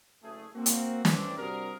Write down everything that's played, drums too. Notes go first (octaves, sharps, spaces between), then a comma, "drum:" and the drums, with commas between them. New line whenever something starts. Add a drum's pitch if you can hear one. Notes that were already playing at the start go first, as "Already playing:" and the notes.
F#1 A3 G#4
A#3 C4 F#4
drum: hi-hat
E3 A3 C4 D4, drum: snare
C3 G3 D4 F#4 G#4 A#4